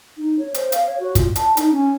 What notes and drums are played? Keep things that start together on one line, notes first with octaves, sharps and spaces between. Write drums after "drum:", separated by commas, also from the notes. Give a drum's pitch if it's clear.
D#4
C#5
C5, drum: hi-hat
F5, drum: hi-hat
C#5
F#4
F4, drum: kick, hi-hat
A5, drum: hi-hat
D#4, drum: hi-hat
C#4